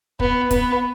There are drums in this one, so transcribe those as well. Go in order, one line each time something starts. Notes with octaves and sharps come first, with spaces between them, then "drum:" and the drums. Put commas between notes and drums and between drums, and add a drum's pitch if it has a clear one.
B3, drum: kick
B3, drum: kick, hi-hat